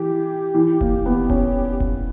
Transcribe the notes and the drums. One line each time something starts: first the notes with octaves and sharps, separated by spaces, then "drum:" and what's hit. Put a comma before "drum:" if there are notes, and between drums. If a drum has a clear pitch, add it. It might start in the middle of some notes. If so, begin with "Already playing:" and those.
Already playing: E3 G4
E3
A#3, drum: kick F1
B3
C#4, drum: kick F1
drum: kick F1